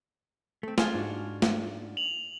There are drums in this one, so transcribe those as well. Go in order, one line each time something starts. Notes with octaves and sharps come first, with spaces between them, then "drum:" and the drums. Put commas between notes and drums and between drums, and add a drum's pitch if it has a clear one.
A3 C4
F4 G#4 G#5, drum: snare
G#2 D4 F#4
drum: snare
F7 F#7